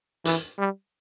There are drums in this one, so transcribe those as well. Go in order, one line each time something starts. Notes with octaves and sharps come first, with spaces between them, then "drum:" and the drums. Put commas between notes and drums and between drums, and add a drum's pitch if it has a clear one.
E3, drum: hi-hat
G3